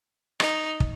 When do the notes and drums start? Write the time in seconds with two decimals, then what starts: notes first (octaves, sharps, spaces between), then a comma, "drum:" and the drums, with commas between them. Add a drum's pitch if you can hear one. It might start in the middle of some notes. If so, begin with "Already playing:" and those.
0.40 D#4, drum: rim click
0.80 drum: kick